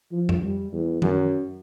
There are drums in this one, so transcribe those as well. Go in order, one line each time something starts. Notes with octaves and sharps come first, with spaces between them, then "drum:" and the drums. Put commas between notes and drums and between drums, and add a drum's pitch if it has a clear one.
F3
drum: tom F2
G3
E2
F#2, drum: tom D#3